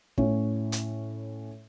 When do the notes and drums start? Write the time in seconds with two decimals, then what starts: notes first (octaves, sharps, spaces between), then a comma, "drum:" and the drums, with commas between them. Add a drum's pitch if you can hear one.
0.18 A2 C#4 C#5, drum: kick
0.72 drum: hi-hat